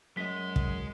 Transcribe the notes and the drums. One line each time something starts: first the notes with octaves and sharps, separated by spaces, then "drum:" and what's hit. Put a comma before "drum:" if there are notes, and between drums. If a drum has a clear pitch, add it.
F#2 G#3 D#5 B6
drum: kick